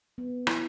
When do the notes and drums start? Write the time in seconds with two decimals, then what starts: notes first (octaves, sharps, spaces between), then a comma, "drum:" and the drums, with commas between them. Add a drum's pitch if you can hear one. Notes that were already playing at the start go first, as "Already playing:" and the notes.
0.18 B3
0.47 E4, drum: rim click